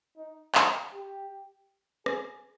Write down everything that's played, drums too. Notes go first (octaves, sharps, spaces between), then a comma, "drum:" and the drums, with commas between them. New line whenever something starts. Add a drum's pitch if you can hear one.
D#4
D4, drum: clap
G4
G#4, drum: rim click